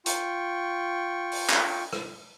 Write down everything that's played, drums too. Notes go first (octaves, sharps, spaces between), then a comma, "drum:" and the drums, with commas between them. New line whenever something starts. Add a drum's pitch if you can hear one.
F4 G5 C#6, drum: hi-hat
drum: open hi-hat
drum: clap
drum: rim click